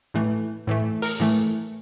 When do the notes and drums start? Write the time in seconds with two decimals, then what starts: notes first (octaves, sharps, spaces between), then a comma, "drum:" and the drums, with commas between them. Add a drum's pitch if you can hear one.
0.14 A2 E3 A3
0.67 A2 E3 A3
1.02 A#4, drum: open hi-hat
1.20 A2 E3 A3